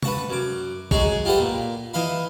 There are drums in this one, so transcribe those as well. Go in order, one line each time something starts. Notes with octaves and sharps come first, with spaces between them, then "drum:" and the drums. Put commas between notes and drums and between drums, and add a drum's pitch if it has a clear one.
B4 F#5 A5 C#6, drum: tom C3
F#2 D6
F#3 G#3 D#4 G#4 C#5, drum: kick A#1
F4 G4 A4 B4 F#5
A#2
E3 D#5 F5 B5